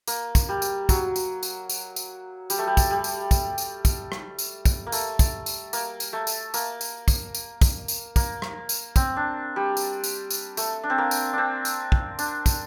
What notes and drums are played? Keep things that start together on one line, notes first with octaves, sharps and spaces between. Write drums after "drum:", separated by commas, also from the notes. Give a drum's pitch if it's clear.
A#3, drum: tambourine
drum: kick, tambourine
G3
drum: tambourine
F#3, drum: kick, tambourine
drum: tambourine
drum: tambourine
drum: tambourine
drum: tambourine
G3, drum: tambourine
A3
G3
drum: kick, tambourine
G3
drum: tambourine
drum: kick, tambourine
drum: tambourine
drum: kick, tambourine
drum: rim click
drum: tambourine
drum: kick, tambourine
A#3
A3, drum: tambourine
drum: kick, tambourine
drum: tambourine
A#3, drum: tambourine
drum: tambourine
A3
drum: tambourine
A#3, drum: tambourine
drum: tambourine
drum: kick, tambourine
drum: tambourine
drum: kick, tambourine
drum: tambourine
A#3, drum: kick, tambourine
drum: rim click
drum: tambourine
C4, drum: kick, tambourine
D4
G3
drum: tambourine
drum: tambourine
drum: tambourine
A3, drum: tambourine
D4
C4
A#3
drum: tambourine
C4 D4
drum: tambourine
drum: kick
D4, drum: tambourine
drum: kick, tambourine